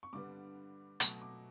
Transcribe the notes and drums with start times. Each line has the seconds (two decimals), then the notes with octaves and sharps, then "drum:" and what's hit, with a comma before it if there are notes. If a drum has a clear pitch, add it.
0.03 C#6
0.13 G2 D3 G3 B3 D6
1.00 B2 F#3 A3 C#6, drum: hi-hat
1.22 D6